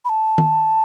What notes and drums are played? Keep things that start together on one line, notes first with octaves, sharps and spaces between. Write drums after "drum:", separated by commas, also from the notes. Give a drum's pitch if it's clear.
B5
A5
drum: tom